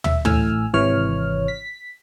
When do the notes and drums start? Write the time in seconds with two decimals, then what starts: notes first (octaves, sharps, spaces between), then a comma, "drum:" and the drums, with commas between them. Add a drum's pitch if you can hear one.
0.04 E5, drum: tom
0.25 A1 A2 G#5 E6 F6, drum: tom
0.73 G#1 C3 E3 C#5 F6
1.48 B6